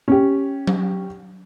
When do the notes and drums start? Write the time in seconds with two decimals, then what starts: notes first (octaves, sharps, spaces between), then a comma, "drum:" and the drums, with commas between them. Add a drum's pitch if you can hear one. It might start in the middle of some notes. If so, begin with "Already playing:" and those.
0.08 C#4 G4
0.67 drum: tom F#3